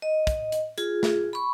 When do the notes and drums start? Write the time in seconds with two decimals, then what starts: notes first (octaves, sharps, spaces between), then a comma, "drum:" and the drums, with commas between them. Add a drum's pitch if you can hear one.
0.02 D#5
0.27 drum: kick, hi-hat
0.52 drum: hi-hat
0.78 F4 G#4, drum: hi-hat
1.03 drum: snare
1.33 B5 C#6